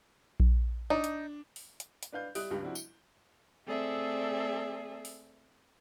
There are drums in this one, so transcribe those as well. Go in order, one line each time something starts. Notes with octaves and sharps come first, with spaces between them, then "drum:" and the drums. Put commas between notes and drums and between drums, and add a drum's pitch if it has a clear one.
drum: kick A#1
D4 D#4
drum: hi-hat
drum: open hi-hat
drum: hi-hat
drum: hi-hat
D4 B4 F5 G6
G3 E5 D#6 F#6 D7, drum: open hi-hat
C#2 G2 G3
C3 F3 D4 E4 F#4
G7, drum: tambourine
A3 C4 G#4 A4 D5 E5
drum: open hi-hat